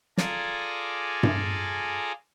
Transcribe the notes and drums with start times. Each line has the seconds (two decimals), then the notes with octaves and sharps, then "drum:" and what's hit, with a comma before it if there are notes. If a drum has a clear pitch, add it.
0.18 F4 G#4 A4 D5 G#5 A#5, drum: snare
1.23 drum: tom G2